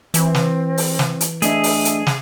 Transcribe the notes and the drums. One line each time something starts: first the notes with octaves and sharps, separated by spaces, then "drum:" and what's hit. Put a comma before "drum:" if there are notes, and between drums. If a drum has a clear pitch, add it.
E3 C4, drum: hi-hat
drum: snare
drum: open hi-hat
drum: snare
drum: hi-hat
A3 D4 G#4 D#5 E5, drum: hi-hat
drum: open hi-hat
drum: hi-hat
drum: snare